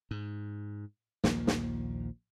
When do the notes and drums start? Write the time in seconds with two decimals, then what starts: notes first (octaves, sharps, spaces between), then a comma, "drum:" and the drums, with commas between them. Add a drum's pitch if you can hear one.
0.11 G#2
1.24 A#1 D#2 F3 A#3, drum: snare
1.47 drum: snare